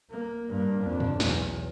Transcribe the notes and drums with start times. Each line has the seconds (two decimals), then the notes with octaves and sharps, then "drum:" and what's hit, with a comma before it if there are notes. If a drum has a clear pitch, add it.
0.10 A#3
0.49 G2 A#3
0.84 F2 D4
1.00 drum: tom
1.20 B1 E2, drum: snare